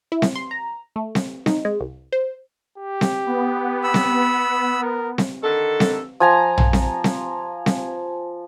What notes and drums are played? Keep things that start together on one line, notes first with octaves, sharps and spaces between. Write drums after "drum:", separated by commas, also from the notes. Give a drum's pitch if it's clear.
E4
drum: snare C4
C6
A#5
A3
drum: snare C4
D#4, drum: snare C4
G#3
C2
C5
G4
drum: snare C4
B3
B5 E6
drum: snare C4
A#4
drum: snare C4
D3 D#3 A4
drum: snare C4
F3 G#5 A#5
drum: tom A#1
drum: snare C4
drum: snare C4
drum: snare C4